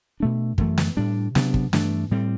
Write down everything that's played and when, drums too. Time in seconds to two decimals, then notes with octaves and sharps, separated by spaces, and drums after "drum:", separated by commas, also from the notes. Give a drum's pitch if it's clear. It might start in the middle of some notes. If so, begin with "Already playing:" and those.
0.20 B2 A3 D4
0.58 F#2 E3 A3, drum: kick
0.78 drum: snare
0.97 A2 G3 D4
1.35 C3 F#3 B3 D4, drum: snare
1.54 drum: kick
1.73 G2 E3 A3 D4, drum: snare
2.11 A2 G3 C4